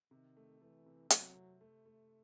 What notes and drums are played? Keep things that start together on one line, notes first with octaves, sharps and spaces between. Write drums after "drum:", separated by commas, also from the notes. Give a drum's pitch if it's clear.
C3 D#3
A3
E3 A3
C3
C3 F#3, drum: hi-hat
C3
A3
A3